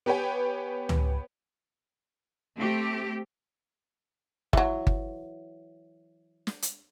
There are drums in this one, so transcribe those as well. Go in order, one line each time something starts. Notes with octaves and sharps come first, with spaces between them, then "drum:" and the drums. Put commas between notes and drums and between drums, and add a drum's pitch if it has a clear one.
B3 G4 B4 C#5 G5 G#5
drum: tom C#2
A3 C4 G4
E3 F#3, drum: kick G1
drum: kick G1
drum: snare
drum: hi-hat